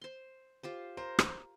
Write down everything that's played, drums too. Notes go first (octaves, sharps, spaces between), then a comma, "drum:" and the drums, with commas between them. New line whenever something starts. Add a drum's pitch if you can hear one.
C5 C6
F4 G4 C5
A#4 C5
drum: rim click